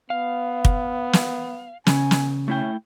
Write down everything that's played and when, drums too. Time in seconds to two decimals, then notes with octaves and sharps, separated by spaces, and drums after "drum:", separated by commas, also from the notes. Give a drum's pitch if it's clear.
0.10 B3 F5
0.65 drum: kick
1.13 drum: snare
1.87 C#3 G#5, drum: snare
2.11 drum: snare
2.48 A3 C#4 E4 G5